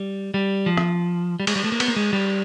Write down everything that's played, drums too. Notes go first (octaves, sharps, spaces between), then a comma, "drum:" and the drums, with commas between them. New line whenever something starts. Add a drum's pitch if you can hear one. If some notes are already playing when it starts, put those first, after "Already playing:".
Already playing: G3
G3
F3
drum: rim click
G3
G#3, drum: cymbal
G3
A3
A#3
B3, drum: cymbal
A#3
G#3
G3